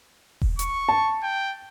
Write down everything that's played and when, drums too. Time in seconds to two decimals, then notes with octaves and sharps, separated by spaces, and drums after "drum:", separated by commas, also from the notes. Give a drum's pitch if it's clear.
0.42 drum: kick E1
0.59 C#6, drum: hi-hat
0.89 A5
1.23 G5